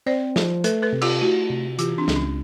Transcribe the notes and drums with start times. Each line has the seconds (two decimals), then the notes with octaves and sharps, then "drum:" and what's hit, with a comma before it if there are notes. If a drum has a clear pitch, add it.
0.06 C4 C5 D5
0.36 F3, drum: snare
0.64 A3 A4 B4, drum: hi-hat
0.82 A4 B4
0.93 C3
1.02 F4 G4, drum: cymbal
1.21 A3 E4 F#4
1.50 C3
1.79 E3 F4 G4, drum: hi-hat
1.98 C4 D4
2.08 C#2, drum: snare
2.16 C#4